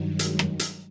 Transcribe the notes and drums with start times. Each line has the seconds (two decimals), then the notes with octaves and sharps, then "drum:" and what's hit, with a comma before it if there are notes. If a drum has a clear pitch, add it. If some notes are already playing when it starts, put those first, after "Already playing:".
Already playing: G2 D#3 F#3
0.19 G#3, drum: hi-hat
0.39 drum: rim click
0.59 drum: hi-hat